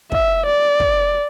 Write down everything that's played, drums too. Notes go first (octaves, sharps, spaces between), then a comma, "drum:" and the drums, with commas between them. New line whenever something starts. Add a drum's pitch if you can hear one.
E5, drum: kick
D5
drum: kick